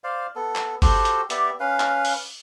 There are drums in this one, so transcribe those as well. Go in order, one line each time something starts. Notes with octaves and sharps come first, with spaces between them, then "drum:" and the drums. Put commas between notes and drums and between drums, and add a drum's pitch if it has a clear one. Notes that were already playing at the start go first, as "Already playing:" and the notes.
C5 D5 F5
B3 A4
drum: clap
F#4 G4 A4 C5, drum: kick G1, open hi-hat
drum: hi-hat
B3 G4 D5 E5, drum: hi-hat
C#4 B4 F5
drum: clap
drum: open hi-hat